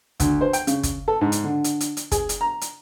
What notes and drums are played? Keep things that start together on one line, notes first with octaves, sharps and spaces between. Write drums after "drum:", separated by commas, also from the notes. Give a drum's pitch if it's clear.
D2, drum: kick, hi-hat
C5
G5, drum: hi-hat
C#3, drum: hi-hat
drum: kick, hi-hat
A4
G#2
drum: hi-hat
D3
drum: hi-hat
drum: hi-hat
drum: hi-hat
G#4, drum: kick, hi-hat
drum: hi-hat
A#5
drum: hi-hat